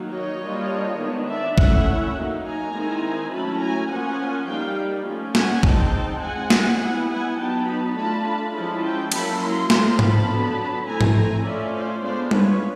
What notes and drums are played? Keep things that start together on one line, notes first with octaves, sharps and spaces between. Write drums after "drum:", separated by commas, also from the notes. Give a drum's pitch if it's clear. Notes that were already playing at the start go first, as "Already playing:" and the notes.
Already playing: D#3 F#3 A#3 D#4
C#5 D#5
G3 A#3 D4 F4
D#3 G#3 B3 D4
D5 E5
A3 C#4 E4 E5 F#5, drum: kick
F#3 A#3 D#4
G#5 A#5
D#3 G#3 C4 E4
F#3 A3 C#4 E4 A5 B5
G#5 A#5
F3 A#3 C#4 F4 F#5 G#5
G3 A#3 D#4 F5 G5
F3 A3 C#4
F#5 G#5, drum: snare
G#3 C4 D#4 G5 A5, drum: kick
F3 G#3 C4 F#5 G#5
drum: snare
G3 B3 E4
F#5 G#5
F#3 B3 D#4 G5 A5
A5 B5
A3 D4 F4 A5 B5
A5 B5
F3 G#3 C#4 E4 A5 B5
G5 A5
F#3 A#3 C#4 E4 A5 B5, drum: cymbal
A#5 C6
F3 A3 C4 F4, drum: snare
A5 B5, drum: tom G#2
D3 F#3 B3 D4
A3 C4 E4 G#5 A#5
drum: tom G#2
G#5 A#5
A3 C#4 F4 D5 E5
C5 D5
G#3 B3 D4 F4 C5 D5
B4 C#5, drum: tom G3